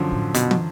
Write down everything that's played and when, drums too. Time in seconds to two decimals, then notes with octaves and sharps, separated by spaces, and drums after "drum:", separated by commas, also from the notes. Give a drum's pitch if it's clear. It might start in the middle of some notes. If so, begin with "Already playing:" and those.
Already playing: F#2 D3 F3
0.12 A2
0.34 B2, drum: hi-hat
0.51 drum: tom